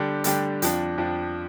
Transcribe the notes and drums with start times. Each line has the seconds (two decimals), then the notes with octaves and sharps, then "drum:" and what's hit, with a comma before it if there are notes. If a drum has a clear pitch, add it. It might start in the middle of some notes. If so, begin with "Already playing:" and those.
Already playing: D3 G3 D4 G4
0.24 D3 G3 D4 G4, drum: hi-hat
0.62 F2 F3 D4, drum: hi-hat
0.98 F2 F3 D4